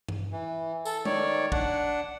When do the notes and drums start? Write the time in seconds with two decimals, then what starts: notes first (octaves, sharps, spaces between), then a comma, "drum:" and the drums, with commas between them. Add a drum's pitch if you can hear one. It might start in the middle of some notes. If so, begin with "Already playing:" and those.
0.09 drum: tom G2
0.32 E3
0.85 A4, drum: tambourine
1.05 D#3 C#5 D5, drum: tom
1.52 D4 F#5, drum: kick